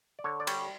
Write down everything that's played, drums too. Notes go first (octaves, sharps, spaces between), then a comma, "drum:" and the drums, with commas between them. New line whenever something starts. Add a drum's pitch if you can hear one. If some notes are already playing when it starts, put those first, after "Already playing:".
D5
D3 C#5
D5
G3 C#5, drum: cymbal